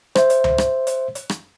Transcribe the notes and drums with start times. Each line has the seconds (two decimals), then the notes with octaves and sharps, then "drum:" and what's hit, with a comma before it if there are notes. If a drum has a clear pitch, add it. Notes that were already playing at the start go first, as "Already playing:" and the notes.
0.15 C5 E5, drum: rim click
0.30 drum: hi-hat
0.44 drum: tom C#2
0.58 drum: rim click
0.87 drum: hi-hat
1.15 drum: hi-hat
1.29 drum: rim click